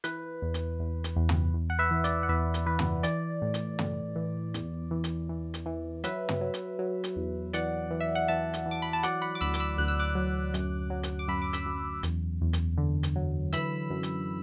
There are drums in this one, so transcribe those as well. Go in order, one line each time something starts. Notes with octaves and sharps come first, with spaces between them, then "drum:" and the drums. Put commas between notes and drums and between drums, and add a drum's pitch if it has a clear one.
E3 B4, drum: hi-hat
E2
drum: hi-hat
E2
drum: hi-hat
E2
drum: tom
E2
F#5
B4 E5
E3
D5, drum: hi-hat
F#5
E2 B4 E5
drum: hi-hat
E3 B4
drum: tom
E3 D5, drum: hi-hat
A2
drum: hi-hat
A2, drum: tom
E3
E2, drum: hi-hat
E3
drum: hi-hat
E3
drum: hi-hat
E3
F#3 B4 E5, drum: hi-hat
drum: tom
F#3
drum: hi-hat
F#3
drum: hi-hat
E2
E3 D5 F#5, drum: hi-hat
E3
E5
F#5
E3 E5 A5
drum: hi-hat
E3
D6
B5
A5
F#3 D5 F#5, drum: hi-hat
F#5 B5
D6
D2 B5 E6
D6, drum: hi-hat
B5 E6
D2 F#6
E6
D6 F#6
F#3
F#2, drum: hi-hat
F#3
drum: hi-hat
D6
F#2 B5 E6
D6
B5 E6, drum: hi-hat
F#2
E2, drum: hi-hat
E2
drum: hi-hat
D3
drum: hi-hat
F#3
E3 B5 E6, drum: hi-hat
F#2
drum: hi-hat